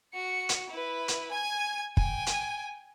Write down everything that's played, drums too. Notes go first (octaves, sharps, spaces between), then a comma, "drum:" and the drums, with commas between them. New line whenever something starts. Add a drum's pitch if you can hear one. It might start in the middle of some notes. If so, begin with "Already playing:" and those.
F#4 C#7
drum: hi-hat
E4 B4
drum: hi-hat
G#5 G#6
G5 G#5, drum: kick
drum: hi-hat